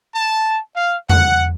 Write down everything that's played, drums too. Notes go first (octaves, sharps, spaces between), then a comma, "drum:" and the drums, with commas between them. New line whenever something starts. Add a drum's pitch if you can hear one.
A5
F5
F#5, drum: tom E2